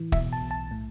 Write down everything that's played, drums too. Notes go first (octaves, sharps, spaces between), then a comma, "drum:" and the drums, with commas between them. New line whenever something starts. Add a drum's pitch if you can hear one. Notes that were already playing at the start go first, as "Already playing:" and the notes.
Already playing: A2 E3
B2 E5, drum: kick
A5
B1
A5
A2